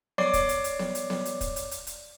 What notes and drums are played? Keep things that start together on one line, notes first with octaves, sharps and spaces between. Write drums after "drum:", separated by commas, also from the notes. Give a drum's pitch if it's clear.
C#5 D5 D6 C7, drum: snare B3
drum: kick, hi-hat
drum: hi-hat
drum: hi-hat
drum: snare B3
drum: hi-hat
drum: snare B3
drum: hi-hat
drum: kick, hi-hat
drum: hi-hat
drum: hi-hat
drum: hi-hat